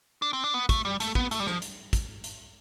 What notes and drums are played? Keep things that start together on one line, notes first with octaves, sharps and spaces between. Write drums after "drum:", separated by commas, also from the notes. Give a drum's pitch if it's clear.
D4
C4
D4
B3
A3, drum: kick, hi-hat
G3
A3, drum: hi-hat
B3, drum: kick
A3, drum: hi-hat
G3
F3, drum: snare
drum: hi-hat
drum: kick, hi-hat
drum: hi-hat